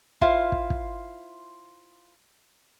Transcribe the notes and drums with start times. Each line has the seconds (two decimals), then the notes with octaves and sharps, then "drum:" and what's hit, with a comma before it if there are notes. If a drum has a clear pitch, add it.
0.21 E4 F4 C5 F5, drum: kick
0.52 drum: kick
0.70 drum: kick